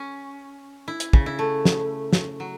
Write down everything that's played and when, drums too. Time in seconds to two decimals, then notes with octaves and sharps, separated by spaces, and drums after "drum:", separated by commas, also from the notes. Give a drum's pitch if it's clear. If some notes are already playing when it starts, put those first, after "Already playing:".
Already playing: C#4
0.88 E4
1.00 drum: hi-hat
1.13 C#3, drum: kick
1.26 E4
1.39 A3
1.65 drum: snare
2.13 drum: snare
2.40 F#3